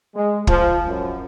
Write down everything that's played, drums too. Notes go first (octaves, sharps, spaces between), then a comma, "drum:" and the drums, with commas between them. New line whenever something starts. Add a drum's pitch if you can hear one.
G#3
F3, drum: kick
F#2